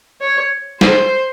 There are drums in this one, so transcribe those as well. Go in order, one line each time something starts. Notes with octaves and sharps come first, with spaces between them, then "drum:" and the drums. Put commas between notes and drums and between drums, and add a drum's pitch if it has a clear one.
C#5
C5, drum: snare